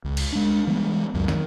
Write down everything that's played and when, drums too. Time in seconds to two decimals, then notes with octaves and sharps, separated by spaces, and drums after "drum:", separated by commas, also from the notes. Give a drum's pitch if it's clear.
0.04 C#2
0.17 drum: cymbal
0.32 G#3 D4
0.67 E3 G3 G#3 B3
1.14 C#2 F#2 F#3
1.28 D#3, drum: snare